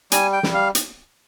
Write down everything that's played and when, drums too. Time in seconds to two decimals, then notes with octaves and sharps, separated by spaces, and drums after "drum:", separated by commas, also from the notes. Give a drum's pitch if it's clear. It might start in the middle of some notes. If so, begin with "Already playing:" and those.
0.12 G3 G#5, drum: hi-hat
0.33 G5
0.43 G3, drum: snare
0.54 F5
0.75 drum: hi-hat